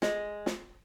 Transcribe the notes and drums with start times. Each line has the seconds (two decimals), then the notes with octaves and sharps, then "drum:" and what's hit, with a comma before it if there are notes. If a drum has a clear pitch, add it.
0.02 G#3, drum: snare
0.46 drum: snare